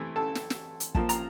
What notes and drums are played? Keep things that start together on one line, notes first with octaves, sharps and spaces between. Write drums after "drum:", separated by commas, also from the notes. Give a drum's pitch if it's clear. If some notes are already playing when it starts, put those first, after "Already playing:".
Already playing: C3 E3 A3 C4
A4 A5
drum: snare
drum: snare
drum: hi-hat
A#2 F3 A#3 A5, drum: kick
A#5, drum: hi-hat